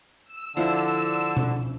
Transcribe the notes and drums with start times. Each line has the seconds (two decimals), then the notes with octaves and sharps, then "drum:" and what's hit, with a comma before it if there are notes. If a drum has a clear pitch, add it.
0.24 E6
0.57 D3 F3 E4
1.37 drum: tom B2